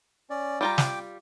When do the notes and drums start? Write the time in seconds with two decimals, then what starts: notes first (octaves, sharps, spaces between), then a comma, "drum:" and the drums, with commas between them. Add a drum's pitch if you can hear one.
0.30 C#4 D5
0.61 G3 F4 G5 A#5 D6
0.78 drum: snare